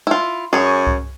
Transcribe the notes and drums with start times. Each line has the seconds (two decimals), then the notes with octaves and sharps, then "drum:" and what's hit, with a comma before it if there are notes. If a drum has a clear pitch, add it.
0.07 E4 F4
0.53 F#2 G#4 C#5
0.87 drum: kick C2